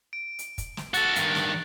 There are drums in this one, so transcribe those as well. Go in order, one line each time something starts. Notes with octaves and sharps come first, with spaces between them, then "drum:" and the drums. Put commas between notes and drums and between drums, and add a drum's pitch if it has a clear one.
D7
drum: hi-hat
drum: kick, hi-hat
drum: snare
F#4 A4 F#6 A6, drum: hi-hat
G2 D#3, drum: hi-hat
drum: snare